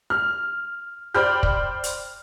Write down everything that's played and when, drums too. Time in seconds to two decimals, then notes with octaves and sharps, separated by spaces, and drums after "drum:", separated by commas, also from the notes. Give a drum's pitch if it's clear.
0.10 F6
1.14 C5 D5 G5 B5 F6 G6
1.43 drum: kick
1.84 drum: hi-hat